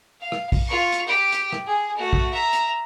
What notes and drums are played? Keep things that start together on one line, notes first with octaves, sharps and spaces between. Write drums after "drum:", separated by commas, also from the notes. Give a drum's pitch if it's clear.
F5
drum: rim click
drum: kick A#1, open hi-hat
F4 C#6
drum: hi-hat
G4 G5
drum: hi-hat
drum: rim click
G#4 G#5
A3 F#4
drum: kick A#1
E5 A#5
drum: hi-hat